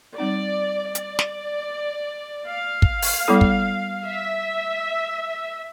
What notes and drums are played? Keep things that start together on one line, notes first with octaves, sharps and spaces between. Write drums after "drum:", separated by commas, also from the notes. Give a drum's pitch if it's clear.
G3 C4 D#4 D5
D5, drum: hi-hat
drum: snare
F5
drum: kick
drum: open hi-hat
G3 B3 E4 A4
drum: kick
E5